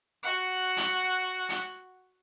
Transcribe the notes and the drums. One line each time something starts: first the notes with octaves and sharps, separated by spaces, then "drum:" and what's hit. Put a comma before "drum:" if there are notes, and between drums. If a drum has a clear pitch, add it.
F#4 F#5
drum: hi-hat
drum: hi-hat